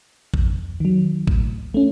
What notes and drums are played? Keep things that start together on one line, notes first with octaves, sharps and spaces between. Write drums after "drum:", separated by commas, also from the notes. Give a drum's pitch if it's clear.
F2, drum: kick A1
D#3 F#3
A2, drum: kick A1
A3 C#4